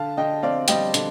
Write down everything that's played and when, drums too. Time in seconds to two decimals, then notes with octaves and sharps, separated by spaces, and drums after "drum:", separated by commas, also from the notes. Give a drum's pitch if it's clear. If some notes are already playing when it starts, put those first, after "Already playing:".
Already playing: D3 F5 A5
0.17 D3 D#5 G5
0.43 C4 D5 F5
0.68 G3 D#5 G5, drum: hi-hat
0.94 D3, drum: hi-hat